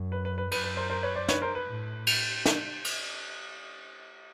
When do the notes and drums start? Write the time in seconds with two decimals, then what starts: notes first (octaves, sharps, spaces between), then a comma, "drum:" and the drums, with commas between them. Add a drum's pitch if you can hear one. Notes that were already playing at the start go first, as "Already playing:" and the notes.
Already playing: F#2
0.12 B4
0.25 B4
0.38 B4
0.51 F#2 B4, drum: cymbal
0.63 B4
0.77 A#4 C5
0.89 A#4 C5
1.03 B4 C#5
1.15 C5 D5
1.28 B4 C#5, drum: snare
1.42 A#4 C5
1.55 B4
1.67 A2
2.07 drum: cymbal
2.46 drum: snare
2.84 drum: cymbal